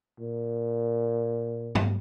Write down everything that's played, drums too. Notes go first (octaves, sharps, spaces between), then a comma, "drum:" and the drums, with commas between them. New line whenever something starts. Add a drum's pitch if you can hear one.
A#2
drum: tom G2